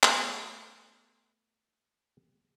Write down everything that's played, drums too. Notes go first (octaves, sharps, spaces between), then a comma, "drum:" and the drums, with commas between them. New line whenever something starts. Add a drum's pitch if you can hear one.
A3 B3, drum: clap